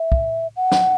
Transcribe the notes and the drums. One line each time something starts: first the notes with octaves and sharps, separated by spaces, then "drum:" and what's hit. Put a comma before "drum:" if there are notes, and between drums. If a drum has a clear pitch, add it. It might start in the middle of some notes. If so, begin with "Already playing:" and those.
Already playing: E5
drum: kick
F#5
drum: snare